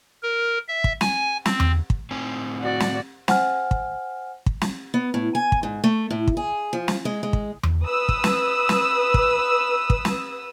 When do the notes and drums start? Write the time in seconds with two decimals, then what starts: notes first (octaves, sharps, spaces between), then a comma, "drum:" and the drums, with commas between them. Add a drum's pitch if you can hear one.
0.23 A#4
0.68 E5
0.84 drum: kick
1.01 G#5, drum: snare
1.46 C4, drum: snare
1.60 drum: tom E2
1.90 drum: kick
2.11 A2 C4 G#5
2.61 F#4 D5
2.80 drum: snare
3.28 C5 F#5 G#5 F6, drum: snare
3.71 drum: kick
4.46 drum: kick
4.62 drum: snare
4.94 B3
5.14 A2
5.35 G#5
5.52 drum: kick
5.63 G#2
5.84 A3
6.11 A2
6.28 drum: kick
6.37 G#4
6.73 F3
6.88 drum: snare
7.05 G#3
7.23 G#3
7.33 drum: kick
7.63 drum: tom E2
7.86 B4 D#6 E6
8.09 drum: kick
8.24 drum: snare
8.69 drum: snare
9.14 drum: kick
9.90 drum: kick
10.05 drum: snare